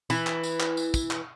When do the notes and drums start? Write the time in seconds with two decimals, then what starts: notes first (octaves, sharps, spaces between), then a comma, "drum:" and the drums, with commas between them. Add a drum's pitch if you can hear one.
0.10 E3, drum: tambourine
0.27 drum: clap
0.43 drum: tambourine
0.60 drum: clap
0.77 drum: tambourine
0.94 drum: kick, tambourine
1.11 drum: clap